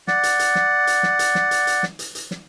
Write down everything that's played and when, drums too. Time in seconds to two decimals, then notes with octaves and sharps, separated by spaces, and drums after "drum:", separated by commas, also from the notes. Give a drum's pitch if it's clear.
0.07 D5 F#5, drum: snare
0.23 drum: hi-hat
0.39 drum: hi-hat
0.55 drum: snare
0.87 drum: hi-hat
1.03 drum: snare
1.19 drum: hi-hat
1.35 drum: snare
1.51 drum: hi-hat
1.67 drum: hi-hat
1.83 drum: snare
1.99 drum: hi-hat
2.15 drum: hi-hat
2.31 drum: snare